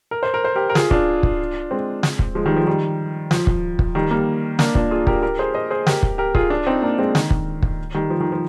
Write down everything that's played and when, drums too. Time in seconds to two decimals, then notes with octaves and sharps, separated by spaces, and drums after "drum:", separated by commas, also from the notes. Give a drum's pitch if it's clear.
0.11 A#4
0.23 C5
0.34 A#4
0.45 C5
0.56 G4 A#4
0.70 A#4
0.75 F4 G#4, drum: snare
0.91 D4 F4, drum: kick
1.23 drum: kick
1.71 G#3 C4
2.03 drum: snare
2.19 drum: kick
2.35 F3 G#3
2.46 D#3 G3
2.56 F3 G#3
2.67 D#3 G3
3.31 F3, drum: snare
3.47 drum: kick
3.79 drum: kick
3.95 D#3 G3
4.11 G3 A#3
4.59 A#3 D4, drum: snare
4.75 D4 F4, drum: kick
4.91 F4 G#4
5.07 G4 A#4, drum: kick
5.23 G4 A#4
5.39 G#4 C5
5.55 C5 D#5
5.70 G#4 C5
5.87 G4 A#4, drum: snare
6.03 drum: kick
6.18 G4 A#4
6.35 F4 G#4, drum: kick
6.50 D4 F4
6.67 C4 D#4
6.82 A#3 D4
6.99 G#3 C4
7.15 D#3, drum: snare
7.31 drum: kick
7.62 drum: kick
7.95 D#3 G3
8.10 F3
8.21 D#3
8.32 F3